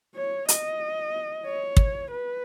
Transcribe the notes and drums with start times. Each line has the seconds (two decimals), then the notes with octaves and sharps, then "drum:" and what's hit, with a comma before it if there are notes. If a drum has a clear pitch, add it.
0.16 C#5
0.48 D#5, drum: hi-hat
1.46 C#5
1.77 drum: kick
2.11 B4